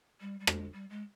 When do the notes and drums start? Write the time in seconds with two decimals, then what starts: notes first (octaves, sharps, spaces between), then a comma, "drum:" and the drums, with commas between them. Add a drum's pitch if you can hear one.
0.20 G3
0.40 G3
0.47 G#3, drum: rim click
0.73 G3
0.90 G#3